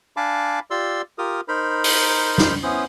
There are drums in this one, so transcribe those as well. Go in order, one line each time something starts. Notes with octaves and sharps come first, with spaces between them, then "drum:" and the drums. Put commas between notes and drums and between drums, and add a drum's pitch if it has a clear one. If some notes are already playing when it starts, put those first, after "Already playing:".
D4 F5 G#5 A5 B5 D6
F4 G4 D5 C6 E6
F4 G4 A#4 D#6
D#4 A#4 C5 B5
drum: open hi-hat
drum: snare
B3 C#4 E4 C5 D#6